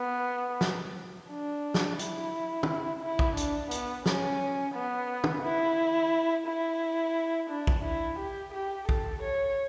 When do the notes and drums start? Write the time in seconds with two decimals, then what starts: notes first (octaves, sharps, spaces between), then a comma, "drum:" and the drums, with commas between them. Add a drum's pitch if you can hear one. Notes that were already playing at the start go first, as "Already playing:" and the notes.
Already playing: B3
0.61 drum: snare
1.30 D4
1.74 drum: snare
1.99 E4, drum: hi-hat
2.63 drum: tom
3.02 E4
3.19 drum: kick
3.37 D4, drum: hi-hat
3.71 B3, drum: hi-hat
4.06 C#4, drum: snare
4.75 B3
5.24 drum: tom
5.43 E4
6.47 E4
7.51 D4
7.67 drum: kick
7.85 E4
8.19 G4
8.54 G4
8.89 A4, drum: kick
9.23 C#5